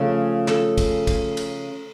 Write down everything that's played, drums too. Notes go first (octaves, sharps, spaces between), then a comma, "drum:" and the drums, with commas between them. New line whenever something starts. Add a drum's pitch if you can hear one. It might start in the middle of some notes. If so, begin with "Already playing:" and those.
Already playing: C#3 F3 A3 A4
A4, drum: clap
drum: kick, cymbal
drum: kick, cymbal
drum: cymbal